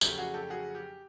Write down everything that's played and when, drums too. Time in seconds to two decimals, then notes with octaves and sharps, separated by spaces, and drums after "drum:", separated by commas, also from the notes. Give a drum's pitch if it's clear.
0.01 F2 C#3 F#3 A3 C#4 G4, drum: tambourine
0.18 F#4 G#4
0.34 G4 A4
0.50 F#4 G#4
0.75 G4